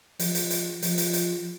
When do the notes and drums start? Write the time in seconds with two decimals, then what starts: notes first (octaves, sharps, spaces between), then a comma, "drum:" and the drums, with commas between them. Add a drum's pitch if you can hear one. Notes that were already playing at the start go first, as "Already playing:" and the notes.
0.19 F3, drum: hi-hat
0.35 drum: hi-hat
0.50 drum: hi-hat
0.82 F3, drum: hi-hat
0.98 drum: hi-hat
1.13 drum: hi-hat